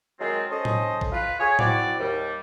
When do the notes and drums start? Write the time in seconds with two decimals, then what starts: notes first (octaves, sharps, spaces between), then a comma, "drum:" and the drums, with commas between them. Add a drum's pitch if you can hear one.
0.20 D#3 F#3 G#3 C4 D#4 F4
0.51 C#4 A4 C5 D#5
0.65 drum: tom A2
1.01 drum: kick
1.12 F4 B4
1.38 G#4 C#5
1.59 C4 E4 F#4 D5, drum: tom A2
1.99 D#2 G3